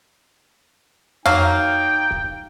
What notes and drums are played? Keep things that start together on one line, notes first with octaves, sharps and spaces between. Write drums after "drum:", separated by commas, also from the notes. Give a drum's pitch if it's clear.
F#3 A#3 D#4 F5 G5, drum: tom F2
drum: kick